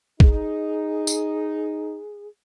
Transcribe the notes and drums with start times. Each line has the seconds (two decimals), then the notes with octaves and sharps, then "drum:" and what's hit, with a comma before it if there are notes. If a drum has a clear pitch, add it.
0.20 D#4 G#4, drum: kick
1.07 drum: tambourine